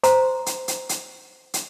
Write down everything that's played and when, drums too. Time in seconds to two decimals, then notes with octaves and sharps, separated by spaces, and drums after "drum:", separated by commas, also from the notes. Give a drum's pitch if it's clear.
0.03 C5 A#5 C6, drum: hi-hat
0.46 drum: hi-hat
0.68 drum: hi-hat
0.89 drum: hi-hat
1.54 drum: hi-hat